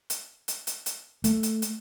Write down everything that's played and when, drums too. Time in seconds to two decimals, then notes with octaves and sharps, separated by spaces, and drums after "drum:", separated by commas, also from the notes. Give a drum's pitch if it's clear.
0.10 drum: hi-hat
0.48 drum: hi-hat
0.67 drum: hi-hat
0.86 drum: hi-hat
1.24 A3, drum: hi-hat
1.43 drum: hi-hat
1.62 drum: hi-hat